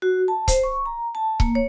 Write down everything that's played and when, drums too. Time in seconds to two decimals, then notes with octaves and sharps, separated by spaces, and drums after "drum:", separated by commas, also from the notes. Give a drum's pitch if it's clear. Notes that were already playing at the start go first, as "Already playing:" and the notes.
0.02 F#4
0.28 A5
0.48 C5, drum: kick C#1, hi-hat
0.64 C#6
0.86 A#5
1.15 A5
1.40 A#3, drum: kick C#1
1.55 C#5